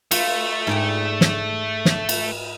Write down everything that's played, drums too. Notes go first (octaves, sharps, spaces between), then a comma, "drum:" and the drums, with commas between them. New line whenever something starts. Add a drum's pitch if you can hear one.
A3 F4, drum: cymbal
G#2 D5 G5
drum: snare
drum: snare
drum: cymbal